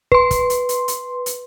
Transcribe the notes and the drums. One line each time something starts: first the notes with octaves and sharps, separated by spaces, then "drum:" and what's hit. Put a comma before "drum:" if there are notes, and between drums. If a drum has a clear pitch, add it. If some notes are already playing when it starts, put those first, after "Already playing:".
B4 C6, drum: kick
drum: kick, hi-hat
drum: hi-hat
drum: hi-hat
drum: hi-hat
drum: hi-hat